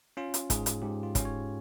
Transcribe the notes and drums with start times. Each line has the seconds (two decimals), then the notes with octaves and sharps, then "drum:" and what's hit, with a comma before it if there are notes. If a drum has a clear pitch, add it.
0.17 C#4 F4
0.34 drum: hi-hat
0.50 G#2 G#4, drum: kick, hi-hat
0.66 drum: hi-hat
0.82 G#2 G4
1.03 F4
1.15 C#4, drum: kick, hi-hat
1.25 C#5